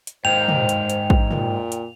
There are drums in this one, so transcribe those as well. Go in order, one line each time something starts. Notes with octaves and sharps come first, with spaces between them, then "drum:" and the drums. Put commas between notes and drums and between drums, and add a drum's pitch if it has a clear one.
drum: hi-hat
G#2 A#3 C5 G5 F7
drum: tom
drum: hi-hat
drum: hi-hat
drum: kick
A#2, drum: tom
drum: hi-hat